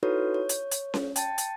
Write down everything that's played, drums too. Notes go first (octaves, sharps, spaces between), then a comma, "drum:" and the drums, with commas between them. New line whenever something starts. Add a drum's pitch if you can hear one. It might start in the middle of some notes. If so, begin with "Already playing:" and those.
D#4 E4 F#4 A4 B4 C#5
C#5
drum: hi-hat
drum: hi-hat
drum: snare C#4
G5 A5 A6, drum: hi-hat
drum: hi-hat